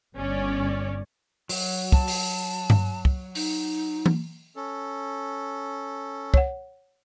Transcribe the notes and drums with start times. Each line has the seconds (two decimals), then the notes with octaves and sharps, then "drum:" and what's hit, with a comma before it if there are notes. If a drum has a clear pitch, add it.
0.17 G1 C#4 C#5 D5
1.49 F#3, drum: open hi-hat
1.92 A5, drum: kick
2.08 drum: open hi-hat
2.70 drum: tom G2
3.05 drum: kick
3.35 D#4, drum: open hi-hat
4.06 drum: tom E3
4.56 C#4 A4
6.34 C#5 F#5, drum: kick